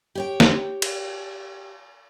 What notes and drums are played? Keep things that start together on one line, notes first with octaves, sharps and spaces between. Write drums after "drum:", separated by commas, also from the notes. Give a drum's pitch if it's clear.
G4 C#5 G5
drum: snare
drum: cymbal